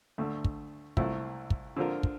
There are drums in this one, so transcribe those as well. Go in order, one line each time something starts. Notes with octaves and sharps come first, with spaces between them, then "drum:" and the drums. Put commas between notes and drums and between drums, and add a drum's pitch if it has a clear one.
D2 D3 A3
drum: kick
C2 A#2 A3 C4 E4, drum: kick
drum: kick
D3 F3 C4 F4 A#4
drum: kick